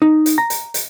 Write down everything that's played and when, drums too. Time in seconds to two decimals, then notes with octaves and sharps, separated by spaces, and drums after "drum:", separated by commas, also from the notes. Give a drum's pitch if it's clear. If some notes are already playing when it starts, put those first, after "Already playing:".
0.02 D#4
0.26 drum: hi-hat
0.38 A#5
0.50 drum: hi-hat
0.74 drum: hi-hat